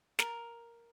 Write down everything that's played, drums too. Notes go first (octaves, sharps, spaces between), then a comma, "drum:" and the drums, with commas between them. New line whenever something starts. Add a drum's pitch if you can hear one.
A#4, drum: snare